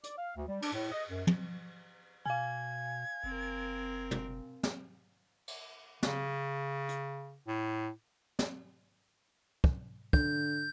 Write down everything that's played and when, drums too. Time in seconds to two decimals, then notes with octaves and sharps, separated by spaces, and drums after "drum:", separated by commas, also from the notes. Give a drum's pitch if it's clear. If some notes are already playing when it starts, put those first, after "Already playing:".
0.03 D5, drum: hi-hat
0.18 F5
0.36 D2
0.48 G3
0.62 D4, drum: cymbal
0.73 A2
0.92 D#5
1.09 F#2
1.27 drum: tom
2.26 B2 F5 G#5 G#6
3.24 F#1 C4 A#4
4.11 drum: tom
4.63 drum: snare
5.48 drum: cymbal
6.03 C#3, drum: snare
6.89 drum: hi-hat
7.48 A2
8.39 drum: snare
9.64 drum: kick
10.13 D3 G6, drum: kick